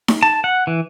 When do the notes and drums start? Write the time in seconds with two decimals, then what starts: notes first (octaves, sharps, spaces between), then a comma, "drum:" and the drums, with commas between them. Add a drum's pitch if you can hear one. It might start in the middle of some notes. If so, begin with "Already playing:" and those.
0.08 drum: snare D#4
0.23 A5
0.44 F#5
0.67 E3